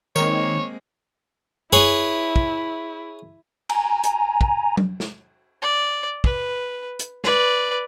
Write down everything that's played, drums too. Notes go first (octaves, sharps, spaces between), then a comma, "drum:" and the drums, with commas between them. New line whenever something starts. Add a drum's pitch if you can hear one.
D#3 G#3 A#3 C4 C#5, drum: tambourine
E4 G#4 B4 C#5, drum: tom F#2
drum: kick
G#5 A#5, drum: cymbal
drum: hi-hat
drum: kick
drum: tom F#3
drum: snare
D5
B4, drum: kick
drum: hi-hat
B4 D5, drum: snare